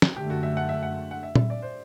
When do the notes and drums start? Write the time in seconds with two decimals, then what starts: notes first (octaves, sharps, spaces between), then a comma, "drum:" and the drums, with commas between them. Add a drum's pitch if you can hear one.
0.02 drum: snare
0.16 F#2 D3 A3 G4
0.30 F#4
0.43 E5
0.57 F#5
0.69 E5
0.83 F#5
1.11 F#5
1.23 E5
1.35 E5, drum: tom A#2
1.50 D5
1.62 C5